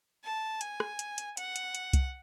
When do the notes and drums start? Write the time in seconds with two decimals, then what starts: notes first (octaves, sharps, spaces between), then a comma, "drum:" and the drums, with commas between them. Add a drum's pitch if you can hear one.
0.24 A5
0.61 G#5, drum: hi-hat
0.80 drum: rim click
0.99 drum: hi-hat
1.18 drum: hi-hat
1.37 F#5, drum: hi-hat
1.56 drum: hi-hat
1.75 drum: hi-hat
1.93 drum: kick C2, hi-hat